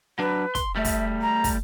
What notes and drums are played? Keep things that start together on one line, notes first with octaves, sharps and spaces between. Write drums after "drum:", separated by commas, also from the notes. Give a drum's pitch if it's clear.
F#3 D4 B4
C6, drum: kick, hi-hat
G3 A3 E5
drum: kick, open hi-hat
A#5
drum: kick, open hi-hat